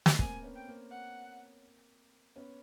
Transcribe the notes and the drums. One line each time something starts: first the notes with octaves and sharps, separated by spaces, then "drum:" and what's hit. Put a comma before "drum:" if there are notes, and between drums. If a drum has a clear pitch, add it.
drum: snare
A#3 C4 G#5, drum: kick
B3 C#4
G5
A#3 C4
F#5
B3 C#4